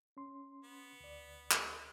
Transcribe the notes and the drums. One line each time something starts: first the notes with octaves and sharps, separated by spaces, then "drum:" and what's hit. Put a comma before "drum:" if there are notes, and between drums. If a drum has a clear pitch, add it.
C#4 C6
B3
D2 D5
drum: clap